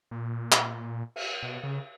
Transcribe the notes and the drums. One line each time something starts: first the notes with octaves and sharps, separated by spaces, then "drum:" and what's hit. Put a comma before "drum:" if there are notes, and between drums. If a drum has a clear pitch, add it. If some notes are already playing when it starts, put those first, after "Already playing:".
A#2
drum: clap
drum: cymbal
B2
C#3